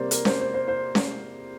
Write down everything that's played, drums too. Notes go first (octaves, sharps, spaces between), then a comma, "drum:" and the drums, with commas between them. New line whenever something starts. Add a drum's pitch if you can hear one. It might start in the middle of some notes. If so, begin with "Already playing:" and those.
Already playing: C3 G3 A#3 C5 D5
A#4, drum: hi-hat
C5, drum: snare C#4
C5
C5
C5
drum: snare C#4